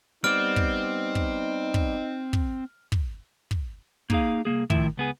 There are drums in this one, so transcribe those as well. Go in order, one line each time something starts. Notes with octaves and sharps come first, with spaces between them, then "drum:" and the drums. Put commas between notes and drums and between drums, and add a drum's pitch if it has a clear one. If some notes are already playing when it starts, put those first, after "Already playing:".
G3 B3 C4 D#4 D5 F6 D7
drum: kick
drum: kick
drum: kick
drum: kick
drum: kick
drum: kick
A#3 D#4 G#4 F5, drum: kick
C2 A#2 A#3 G#4
A2 D#3 F3 E4 E5, drum: kick
C#2 B3 G#4